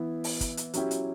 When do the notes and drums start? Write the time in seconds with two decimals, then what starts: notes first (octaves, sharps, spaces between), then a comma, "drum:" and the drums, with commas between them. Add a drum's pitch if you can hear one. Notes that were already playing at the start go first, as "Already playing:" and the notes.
Already playing: E3 B3 E4
0.24 drum: open hi-hat
0.41 drum: kick, hi-hat
0.57 drum: hi-hat
0.74 F#3 C#4 E4 G4, drum: hi-hat
0.91 drum: hi-hat